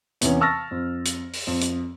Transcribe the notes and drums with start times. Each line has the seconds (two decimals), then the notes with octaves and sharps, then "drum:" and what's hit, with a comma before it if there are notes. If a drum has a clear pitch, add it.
0.21 E2 C3 E3 B3 C#4, drum: hi-hat
0.41 A5 C#6 E6 F6 A6 A#6
0.71 F2
1.05 drum: hi-hat
1.33 drum: open hi-hat
1.47 F2
1.61 drum: hi-hat